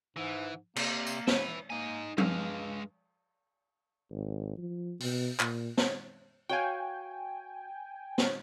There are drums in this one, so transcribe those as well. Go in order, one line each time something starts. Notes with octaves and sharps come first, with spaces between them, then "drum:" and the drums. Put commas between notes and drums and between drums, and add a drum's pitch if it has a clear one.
G#2 E3
C3 A#3, drum: cymbal
drum: tambourine
E4 B4, drum: snare
A#3 D#4 G#5
G2 G#3 F5, drum: tom F3
G#1
F3
B2, drum: open hi-hat
A#2, drum: clap
drum: snare
F#4 C#5 F5 G5 G#5
drum: snare